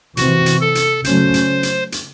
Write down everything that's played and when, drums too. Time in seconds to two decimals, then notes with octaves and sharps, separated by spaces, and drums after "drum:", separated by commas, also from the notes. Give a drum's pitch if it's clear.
0.17 C3 E3 C4 F#4, drum: hi-hat
0.46 drum: hi-hat
0.61 A4
0.75 drum: hi-hat
1.04 C#3 F#3 A3 C#4 C5, drum: hi-hat
1.34 drum: hi-hat
1.63 drum: hi-hat
1.92 drum: hi-hat